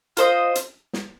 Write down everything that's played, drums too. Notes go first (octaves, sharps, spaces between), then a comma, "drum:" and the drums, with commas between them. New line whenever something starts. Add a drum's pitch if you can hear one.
F4 C5 D#5, drum: hi-hat
drum: hi-hat
drum: snare